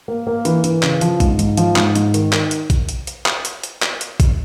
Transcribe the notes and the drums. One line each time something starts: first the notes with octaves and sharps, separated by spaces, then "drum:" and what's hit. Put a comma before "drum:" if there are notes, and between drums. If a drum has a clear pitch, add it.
A#3
A#3
E3, drum: hi-hat
E3, drum: hi-hat
C#3, drum: clap
F3, drum: hi-hat
G#2, drum: kick A#1, hi-hat
G#2, drum: hi-hat
F3, drum: hi-hat
G#2, drum: clap
G#2, drum: hi-hat
D#3, drum: hi-hat
D#3, drum: clap
drum: hi-hat
drum: kick A#1, hi-hat
drum: hi-hat
drum: hi-hat
drum: clap
drum: hi-hat
drum: hi-hat
drum: clap
drum: hi-hat
drum: kick A#1, hi-hat